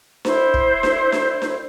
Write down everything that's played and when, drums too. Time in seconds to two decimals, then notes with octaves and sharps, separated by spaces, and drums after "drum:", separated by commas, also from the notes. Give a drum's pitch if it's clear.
0.25 E4 C5, drum: snare D4
0.54 drum: kick
0.83 drum: snare D4
1.12 drum: snare D4
1.42 drum: snare D4